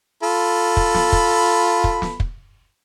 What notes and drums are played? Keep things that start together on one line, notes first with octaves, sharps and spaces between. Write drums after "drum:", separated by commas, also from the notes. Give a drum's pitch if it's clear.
F4 A4 B5
drum: kick
drum: snare
drum: kick
drum: kick
drum: snare
drum: kick